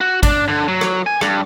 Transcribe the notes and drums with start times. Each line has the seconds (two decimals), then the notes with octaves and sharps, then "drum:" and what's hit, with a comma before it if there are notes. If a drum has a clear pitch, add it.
0.01 F#4
0.23 D4, drum: kick G#1, cymbal
0.48 D3
0.68 F#3
0.81 drum: rim click
1.06 G#5
1.21 G2, drum: rim click